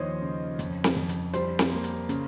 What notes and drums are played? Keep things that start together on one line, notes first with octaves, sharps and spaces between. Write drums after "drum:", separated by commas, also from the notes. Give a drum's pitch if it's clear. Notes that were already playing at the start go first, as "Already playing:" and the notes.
Already playing: D#2 F3 C5 C#5 D#5
C#3
F2, drum: hi-hat
drum: snare C4
F2
drum: hi-hat
G3 C5, drum: hi-hat
drum: snare C4
A#3
drum: hi-hat
C#3, drum: hi-hat